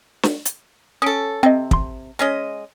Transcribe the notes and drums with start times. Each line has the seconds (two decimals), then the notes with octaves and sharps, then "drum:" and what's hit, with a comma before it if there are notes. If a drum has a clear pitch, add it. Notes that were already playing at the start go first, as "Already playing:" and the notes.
0.23 drum: snare
0.45 drum: hi-hat
1.02 C#4 A4 D#6 D7
1.43 C3 C4 D#5
1.71 A1 C6, drum: kick
2.19 G#3 C#4 D#5